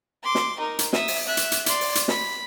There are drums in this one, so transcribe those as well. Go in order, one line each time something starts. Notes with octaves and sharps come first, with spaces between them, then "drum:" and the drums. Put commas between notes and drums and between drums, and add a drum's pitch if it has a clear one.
C6 D6
drum: snare
D#4 A#4
drum: hi-hat
E5 D#6, drum: snare
drum: open hi-hat
E5 F#6
drum: hi-hat
drum: hi-hat
D5 C6, drum: hi-hat
drum: open hi-hat
drum: hi-hat
B5, drum: snare